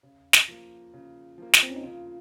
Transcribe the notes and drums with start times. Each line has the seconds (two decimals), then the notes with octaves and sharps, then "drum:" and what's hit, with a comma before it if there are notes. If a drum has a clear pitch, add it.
0.03 C#3
0.33 drum: snare
0.48 F3 A#3
0.94 C#3
1.38 F3 A#3
1.53 drum: snare
1.63 C4
1.70 C#4
1.76 D#4
1.83 C#3 F4